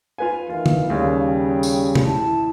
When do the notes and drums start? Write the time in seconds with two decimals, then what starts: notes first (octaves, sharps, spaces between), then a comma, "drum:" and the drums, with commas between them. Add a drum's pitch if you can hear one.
0.18 F4 B4 G#5
0.49 D#3 E3 F4 F5
0.66 drum: tom
0.90 D#2 C#3 G3
1.27 G5
1.63 drum: tambourine
1.95 drum: tom C3
2.06 E4 A5